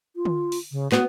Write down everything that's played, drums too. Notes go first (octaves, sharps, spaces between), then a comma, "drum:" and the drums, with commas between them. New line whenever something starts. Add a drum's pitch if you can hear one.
F4
drum: tom D3
drum: open hi-hat
C#3
B3 F#4, drum: clap